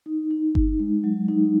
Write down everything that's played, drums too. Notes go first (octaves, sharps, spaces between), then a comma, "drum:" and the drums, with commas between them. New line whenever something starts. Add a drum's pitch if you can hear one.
D#4
D#4
D#4, drum: kick G1
G#3
F#3
D#4